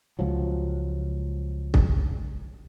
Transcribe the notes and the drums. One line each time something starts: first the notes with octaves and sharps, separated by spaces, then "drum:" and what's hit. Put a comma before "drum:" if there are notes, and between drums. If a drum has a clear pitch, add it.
C#2 F3 F#3
drum: kick